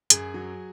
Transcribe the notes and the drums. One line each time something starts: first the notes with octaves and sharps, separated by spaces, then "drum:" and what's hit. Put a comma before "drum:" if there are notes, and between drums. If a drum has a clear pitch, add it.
F#2 G#4 G#5, drum: hi-hat
F#3